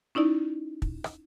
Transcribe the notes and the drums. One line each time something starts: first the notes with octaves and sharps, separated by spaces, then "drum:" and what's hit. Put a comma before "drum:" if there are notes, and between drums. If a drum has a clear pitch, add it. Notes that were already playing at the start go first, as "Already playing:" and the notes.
C#4 D#4 E4 D5
drum: kick
drum: rim click